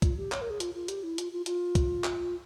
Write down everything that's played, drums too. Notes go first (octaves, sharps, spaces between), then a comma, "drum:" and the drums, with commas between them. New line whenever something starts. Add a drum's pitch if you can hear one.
F4, drum: kick C2, hi-hat
G4
C#5, drum: clap
A#4
G#4
F4, drum: hi-hat
F4
G4, drum: hi-hat
E4
F4, drum: hi-hat
F4
F4, drum: hi-hat
drum: kick C2, hi-hat
drum: clap